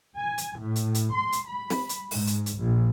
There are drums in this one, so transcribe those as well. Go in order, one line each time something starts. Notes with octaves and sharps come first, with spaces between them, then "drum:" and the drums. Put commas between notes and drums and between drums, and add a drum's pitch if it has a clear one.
G#5
drum: hi-hat
A2
drum: hi-hat
drum: hi-hat
C6
drum: hi-hat
B5
drum: snare
drum: hi-hat
G#2, drum: open hi-hat
drum: hi-hat
drum: hi-hat
A#1